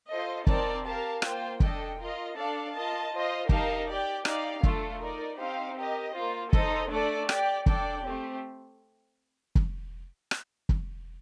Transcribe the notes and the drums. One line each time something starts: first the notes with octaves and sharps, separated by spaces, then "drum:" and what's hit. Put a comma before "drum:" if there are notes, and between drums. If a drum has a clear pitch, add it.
F4 A4 C5 D#5
C4 D#4 A#4 D5 A5, drum: kick
G4 A#4 F5 A5
A#3 F4 C5 G5, drum: rim click
D4 A4 D#5 G5, drum: kick
F4 A#4 D#5
D4 A4 D5 F5 A5
F4 A#4 D#5 A5
F4 C5 D#5
D#4 G4 A#4 F5 A5, drum: kick
G4 D5 G5
D#4 G4 D5 F5, drum: rim click
A3 D4 F4 A4, drum: kick
D#4 A#4 D5
C4 D#4 G4 C5 F5
G4 A#4 D#5
A#3 F4 C5
D#4 A4 C5 D#5, drum: kick
A3 D4 A4 D5
G4 D5 G5, drum: rim click
D4 A4 D5 G5, drum: kick
A3 C4 G4
drum: kick
drum: rim click
drum: kick